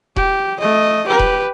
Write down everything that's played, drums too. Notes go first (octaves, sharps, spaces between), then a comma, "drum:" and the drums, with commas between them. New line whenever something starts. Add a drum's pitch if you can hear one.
G4, drum: kick E1
A3 D#5
G4 B4
drum: kick E1